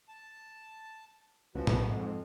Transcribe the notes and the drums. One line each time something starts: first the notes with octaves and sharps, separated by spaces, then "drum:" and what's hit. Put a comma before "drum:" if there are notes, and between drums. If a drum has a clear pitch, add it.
A5
C#2 E3 F3 F#4
B1, drum: tom A2
F2 G#2